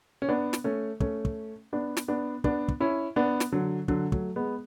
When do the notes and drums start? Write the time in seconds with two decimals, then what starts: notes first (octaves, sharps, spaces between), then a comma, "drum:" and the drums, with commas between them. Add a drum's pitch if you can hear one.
0.22 C#4
0.29 B3 D4
0.53 drum: snare
0.64 A3 C#4
1.00 A3 C#4, drum: kick
1.25 drum: kick
1.73 B3 D4
1.97 drum: snare
2.08 B3 D4
2.44 B3 D4, drum: kick
2.68 drum: kick
2.80 C#4 E4
3.16 B3 D4
3.40 drum: snare
3.52 D3 F#3
3.88 D3 F#3, drum: kick
4.12 F#3 A3, drum: kick
4.36 G#3 B3